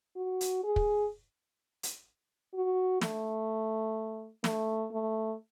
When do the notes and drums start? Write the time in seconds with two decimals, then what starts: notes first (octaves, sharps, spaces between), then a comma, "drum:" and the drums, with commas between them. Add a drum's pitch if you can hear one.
0.16 F#4
0.41 drum: hi-hat
0.64 G#4
0.76 drum: kick
1.83 drum: hi-hat
2.54 F#4
3.01 A3, drum: snare
4.44 A3, drum: snare
4.92 A3